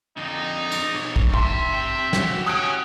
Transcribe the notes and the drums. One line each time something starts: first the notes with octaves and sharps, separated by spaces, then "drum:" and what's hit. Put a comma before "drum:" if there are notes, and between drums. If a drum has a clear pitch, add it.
F2 D3 D#4
drum: cymbal
B2 C#5
drum: kick
E5 G5 A5 C6, drum: kick
C3 G5
F#4 G4, drum: snare
C#4 D#6 F#6 D7